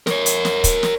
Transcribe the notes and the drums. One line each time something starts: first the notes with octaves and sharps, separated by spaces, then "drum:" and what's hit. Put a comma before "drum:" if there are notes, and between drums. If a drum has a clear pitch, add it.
A#4 C#5, drum: snare
drum: hi-hat
drum: snare
drum: kick, hi-hat
drum: snare